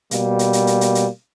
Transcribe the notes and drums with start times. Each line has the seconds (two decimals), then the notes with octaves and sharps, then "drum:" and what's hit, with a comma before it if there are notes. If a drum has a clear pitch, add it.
0.11 B2 G3 A#3, drum: hi-hat
0.39 drum: hi-hat
0.53 drum: hi-hat
0.67 drum: hi-hat
0.81 drum: hi-hat
0.95 drum: hi-hat